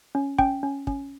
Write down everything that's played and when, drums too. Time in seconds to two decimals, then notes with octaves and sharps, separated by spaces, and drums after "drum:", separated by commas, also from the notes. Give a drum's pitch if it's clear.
0.15 C#4
0.39 C#4 G5, drum: kick
0.63 C#4
0.87 C#4, drum: kick